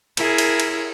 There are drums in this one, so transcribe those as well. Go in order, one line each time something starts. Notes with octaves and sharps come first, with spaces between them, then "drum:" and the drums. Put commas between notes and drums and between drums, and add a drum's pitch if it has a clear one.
E4 G#4 A#4, drum: cymbal
drum: cymbal
drum: cymbal